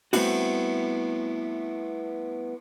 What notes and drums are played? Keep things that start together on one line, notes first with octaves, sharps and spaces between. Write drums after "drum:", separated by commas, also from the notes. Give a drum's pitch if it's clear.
G3 A3 B3 C4 E4 F#4, drum: cymbal